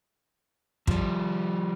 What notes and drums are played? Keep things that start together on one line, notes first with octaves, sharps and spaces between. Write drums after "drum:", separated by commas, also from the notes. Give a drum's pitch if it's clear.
F3 G3, drum: kick